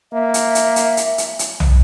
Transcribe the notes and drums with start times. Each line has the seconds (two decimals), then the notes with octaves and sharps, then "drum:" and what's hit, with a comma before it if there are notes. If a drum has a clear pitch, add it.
0.13 A#3 E5
0.34 drum: hi-hat
0.55 drum: hi-hat
0.76 drum: hi-hat
0.97 drum: hi-hat
1.18 drum: hi-hat
1.39 drum: hi-hat
1.60 drum: tom